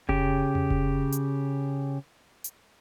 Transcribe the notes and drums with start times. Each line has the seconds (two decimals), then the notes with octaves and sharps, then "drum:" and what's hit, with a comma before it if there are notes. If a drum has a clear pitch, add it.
0.09 C#3 G4, drum: kick F1
0.55 drum: tom E2
0.70 drum: kick F1
1.12 drum: hi-hat
2.44 drum: hi-hat